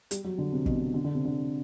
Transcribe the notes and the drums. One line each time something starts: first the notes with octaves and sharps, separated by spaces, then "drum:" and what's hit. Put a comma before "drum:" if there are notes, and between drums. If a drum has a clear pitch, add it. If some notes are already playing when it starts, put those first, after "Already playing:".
G3, drum: hi-hat
F#3
D3
C3
B2, drum: kick
B2
D3
D3
C3
D3